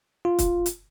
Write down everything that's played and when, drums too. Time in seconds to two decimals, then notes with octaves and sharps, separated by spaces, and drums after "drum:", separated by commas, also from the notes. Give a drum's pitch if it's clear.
0.25 F4
0.39 drum: kick, hi-hat
0.66 drum: hi-hat